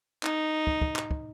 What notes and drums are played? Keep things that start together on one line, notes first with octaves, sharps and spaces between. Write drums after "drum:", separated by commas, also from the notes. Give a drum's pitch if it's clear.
D#4, drum: clap
drum: kick
drum: kick
drum: clap
drum: kick